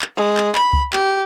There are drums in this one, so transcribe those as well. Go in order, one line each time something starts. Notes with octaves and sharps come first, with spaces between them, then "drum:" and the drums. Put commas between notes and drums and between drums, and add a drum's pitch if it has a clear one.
drum: clap
G#3
drum: clap
B5, drum: clap
drum: kick C#2
G4, drum: clap